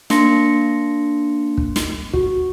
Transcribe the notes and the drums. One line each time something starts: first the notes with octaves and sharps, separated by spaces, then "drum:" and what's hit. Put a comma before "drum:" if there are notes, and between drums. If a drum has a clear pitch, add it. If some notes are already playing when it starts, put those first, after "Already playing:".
A#3 D4 C6 A#6 C#7, drum: snare
drum: kick
drum: snare
F#4, drum: kick